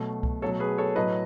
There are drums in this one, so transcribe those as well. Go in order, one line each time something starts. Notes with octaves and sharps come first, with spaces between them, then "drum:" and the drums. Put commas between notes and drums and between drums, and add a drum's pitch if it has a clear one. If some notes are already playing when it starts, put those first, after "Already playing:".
Already playing: B2 F#3 A3
drum: kick C2
B2 F#3 A3 A4 C#5
G#4 B4
A4 C#5
A2 F#3 A3 B4 D#5